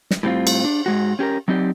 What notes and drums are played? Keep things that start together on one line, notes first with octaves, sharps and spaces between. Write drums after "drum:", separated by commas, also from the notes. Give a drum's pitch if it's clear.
drum: snare
A2 G3 C4 F4
drum: cymbal
D4
G#2 G#3 F#4
C#4 G4 G#4 A#4
F#3 C4 D#4 G4 D5